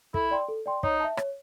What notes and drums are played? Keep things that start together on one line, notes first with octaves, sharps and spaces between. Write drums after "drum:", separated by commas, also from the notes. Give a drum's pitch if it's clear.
E4 A4, drum: kick
D5 G5 C6
A4
D5 G5 C6
D#4 C#5, drum: kick
E5 A5
C#5, drum: rim click